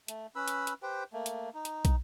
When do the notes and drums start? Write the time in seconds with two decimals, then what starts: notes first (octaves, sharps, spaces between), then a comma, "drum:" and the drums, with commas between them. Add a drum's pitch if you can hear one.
0.08 A3, drum: hi-hat
0.36 C#4 B4 B5 E6
0.48 drum: hi-hat
0.67 drum: hi-hat
0.83 G4 B4 C5 G5
1.13 A3 A#3
1.26 drum: hi-hat
1.54 D#4
1.65 drum: hi-hat
1.85 drum: kick, hi-hat